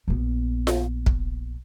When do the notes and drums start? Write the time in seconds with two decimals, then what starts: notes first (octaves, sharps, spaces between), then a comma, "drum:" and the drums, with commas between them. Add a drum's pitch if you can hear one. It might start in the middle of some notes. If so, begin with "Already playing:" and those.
0.08 A#1 B3
0.67 drum: snare F4
1.06 drum: kick